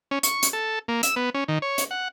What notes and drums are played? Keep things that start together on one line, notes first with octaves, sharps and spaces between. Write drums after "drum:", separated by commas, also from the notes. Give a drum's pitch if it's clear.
C#4
C#6, drum: hi-hat
drum: hi-hat
A4
A#3
E6, drum: hi-hat
B3
C#4
D#3
C#5
drum: hi-hat
F#5